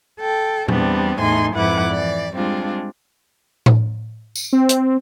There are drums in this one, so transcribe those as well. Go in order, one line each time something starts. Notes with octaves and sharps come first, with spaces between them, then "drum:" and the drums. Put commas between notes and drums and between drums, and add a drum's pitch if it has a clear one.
A4 G5
E2 G3 B3 C4 D4, drum: tom A#2
E2 A2 D#4 G#5 C6
F2 G#2 E4 B4 F#5 D6
E3 D5
G3 G#3 C4 D4 F4
drum: tom A2
drum: tambourine
C4
drum: hi-hat